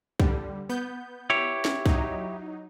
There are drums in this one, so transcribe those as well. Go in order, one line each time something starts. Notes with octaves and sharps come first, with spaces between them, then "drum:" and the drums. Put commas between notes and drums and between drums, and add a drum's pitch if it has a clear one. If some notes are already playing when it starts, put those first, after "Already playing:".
D3 G3, drum: kick C2
B3 G6
E4 G4 C#5
drum: snare
F#3 D#4, drum: kick C2